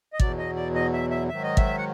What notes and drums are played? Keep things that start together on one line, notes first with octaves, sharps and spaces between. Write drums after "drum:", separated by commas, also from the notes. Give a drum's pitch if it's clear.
D#5
E2 B2 F#3 D5, drum: kick
D#5
D5
D#5
E5
E5
G#2 D#3 F#3 E5
D#5
E5, drum: kick
F#5